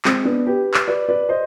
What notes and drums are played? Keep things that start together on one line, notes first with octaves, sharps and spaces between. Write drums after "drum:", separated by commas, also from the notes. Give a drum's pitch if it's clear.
G#3 C4, drum: clap
B3 D4
G4 B4
drum: clap
B4 D5
B4 D5
C5 D#5